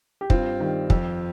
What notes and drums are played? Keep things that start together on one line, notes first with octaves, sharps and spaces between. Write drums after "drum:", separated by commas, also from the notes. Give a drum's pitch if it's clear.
G4
G2 C4 F4, drum: kick
D#3 G3
F2, drum: kick